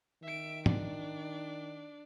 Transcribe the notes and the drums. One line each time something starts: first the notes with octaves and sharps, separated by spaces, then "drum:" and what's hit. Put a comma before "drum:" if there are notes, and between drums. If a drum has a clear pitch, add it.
D#3 E5 D7
D4 D5, drum: tom